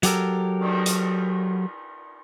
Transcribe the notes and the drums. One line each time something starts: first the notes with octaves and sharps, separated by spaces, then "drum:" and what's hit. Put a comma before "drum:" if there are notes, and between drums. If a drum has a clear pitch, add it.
F#3 G4 A4 A#4, drum: hi-hat
drum: cymbal
drum: hi-hat